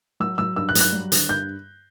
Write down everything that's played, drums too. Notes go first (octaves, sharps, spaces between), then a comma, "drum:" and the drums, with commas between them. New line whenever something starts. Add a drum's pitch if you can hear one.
F#3 E6
F#3 E6
G2 E6
F#6
F#3, drum: hi-hat
F#6
G3
D3, drum: hi-hat
G2 G6